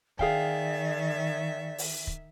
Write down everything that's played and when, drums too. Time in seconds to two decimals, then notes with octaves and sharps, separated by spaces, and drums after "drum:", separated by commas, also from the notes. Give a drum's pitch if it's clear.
0.19 D#3 G#4 D5 E5 F5 G5, drum: kick
1.78 drum: open hi-hat
2.07 drum: kick